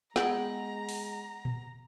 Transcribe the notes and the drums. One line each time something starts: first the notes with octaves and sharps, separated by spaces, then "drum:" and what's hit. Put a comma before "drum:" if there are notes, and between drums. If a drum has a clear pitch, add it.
G#3 B3 G#4 F#5 G5 A#5, drum: snare
drum: open hi-hat
drum: tom A#2